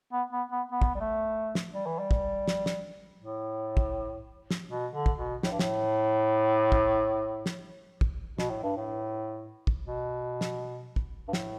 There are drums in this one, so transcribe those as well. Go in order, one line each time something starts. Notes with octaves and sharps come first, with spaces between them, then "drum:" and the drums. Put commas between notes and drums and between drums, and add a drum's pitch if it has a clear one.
B3
B3
B3
B3
drum: kick
G3
A3
drum: snare
G3
E3
G3
drum: kick
drum: snare
drum: snare
A2
drum: kick
drum: snare
B2
D3
drum: kick
B2
A2, drum: snare
G2
A2, drum: snare
drum: kick
drum: snare
drum: kick
B2, drum: snare
A2
G2
A2
drum: kick
B2
drum: snare
drum: kick
G2
A2, drum: snare